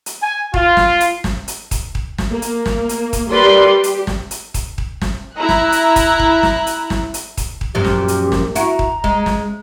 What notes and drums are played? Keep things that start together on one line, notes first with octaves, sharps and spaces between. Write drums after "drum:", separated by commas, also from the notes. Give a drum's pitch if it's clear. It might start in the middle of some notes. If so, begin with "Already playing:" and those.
drum: hi-hat
G#5
F4, drum: kick D#1
drum: snare
drum: hi-hat
drum: snare
drum: hi-hat
drum: kick D#1, hi-hat
drum: kick D#1
drum: snare
A#3
drum: hi-hat
drum: snare
drum: hi-hat
drum: kick D#1, hi-hat
G3 A#4 B4 D5 C6
G4
drum: hi-hat
drum: snare
drum: hi-hat
drum: kick D#1, hi-hat
drum: kick D#1
drum: snare
E4 A#5 F#6
drum: snare
drum: hi-hat
drum: kick D#1, hi-hat
drum: kick D#1
drum: snare
drum: hi-hat
drum: snare
drum: hi-hat
drum: kick D#1, hi-hat
drum: kick D#1
F#2 A#2 F3 G4
drum: snare
drum: hi-hat
drum: snare
E4 F#4 A#5, drum: hi-hat
drum: kick D#1
G#3, drum: kick D#1
drum: snare